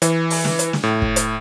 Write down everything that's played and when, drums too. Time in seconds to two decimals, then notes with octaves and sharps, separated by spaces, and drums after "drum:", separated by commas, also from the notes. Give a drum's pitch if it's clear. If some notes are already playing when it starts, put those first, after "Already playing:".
0.02 E3, drum: hi-hat
0.30 drum: open hi-hat
0.45 drum: snare
0.59 drum: hi-hat
0.73 drum: snare
0.83 A2
1.02 drum: kick
1.16 drum: hi-hat